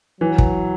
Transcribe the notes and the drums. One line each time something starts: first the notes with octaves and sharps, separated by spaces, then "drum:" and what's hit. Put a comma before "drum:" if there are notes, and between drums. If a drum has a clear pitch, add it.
E3 F#3
drum: kick